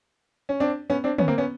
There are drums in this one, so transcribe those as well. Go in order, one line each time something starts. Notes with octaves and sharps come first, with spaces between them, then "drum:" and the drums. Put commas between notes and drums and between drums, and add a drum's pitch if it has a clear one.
C#4
C4 D4
B3 C#4
C4 D4
B3 C#4, drum: tom D3
A#3 C4
B3 C#4